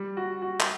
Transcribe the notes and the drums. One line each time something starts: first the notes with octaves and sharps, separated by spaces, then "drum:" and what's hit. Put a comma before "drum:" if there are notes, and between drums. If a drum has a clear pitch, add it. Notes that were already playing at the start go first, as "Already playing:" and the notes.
Already playing: G3
F#4
F#4
drum: clap